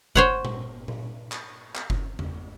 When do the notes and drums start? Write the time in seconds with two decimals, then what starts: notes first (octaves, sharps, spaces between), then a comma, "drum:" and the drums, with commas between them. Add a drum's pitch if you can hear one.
0.15 C5 C#5 F#5, drum: kick F#1
0.45 drum: tom A#2
0.88 drum: tom A#2
1.32 drum: clap
1.75 drum: clap
1.90 drum: kick F#1
2.19 drum: tom E2